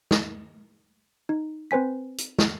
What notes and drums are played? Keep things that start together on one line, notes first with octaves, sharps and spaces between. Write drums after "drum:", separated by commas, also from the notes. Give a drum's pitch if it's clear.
drum: snare
D#4
C4 B4 C5 G#5 B6
drum: hi-hat
drum: snare